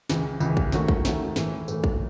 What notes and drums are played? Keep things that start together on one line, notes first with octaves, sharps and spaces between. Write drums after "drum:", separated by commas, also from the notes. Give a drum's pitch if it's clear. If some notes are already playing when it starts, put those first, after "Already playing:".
C#2 C#3 E3, drum: snare
C#2 C#3 E3, drum: tambourine
drum: kick A1
D#2 D#3 A3 C#4 F#4, drum: snare
drum: kick A1
D#2 D#3 A3 C#4 F#4, drum: snare
drum: tom G#3
A2 E3 A3, drum: snare
A2 E3 A3, drum: tambourine
drum: kick A1